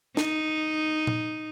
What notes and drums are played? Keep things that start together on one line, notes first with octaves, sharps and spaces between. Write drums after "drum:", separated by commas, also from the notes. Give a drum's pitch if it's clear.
D#4, drum: snare
drum: tom A#2